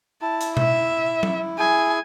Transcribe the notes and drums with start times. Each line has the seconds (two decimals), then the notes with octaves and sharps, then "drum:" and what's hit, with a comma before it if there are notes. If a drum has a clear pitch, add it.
0.22 E4 A5
0.41 drum: hi-hat
0.57 E5, drum: tom B2
1.23 drum: tom F#3
1.59 E4 G#4 G#5